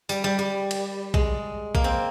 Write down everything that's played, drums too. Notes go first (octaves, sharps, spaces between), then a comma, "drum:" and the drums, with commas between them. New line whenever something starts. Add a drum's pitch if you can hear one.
G3, drum: tambourine
G3
G3
drum: cymbal
G#3, drum: kick A#1
A#3, drum: kick A#1
C4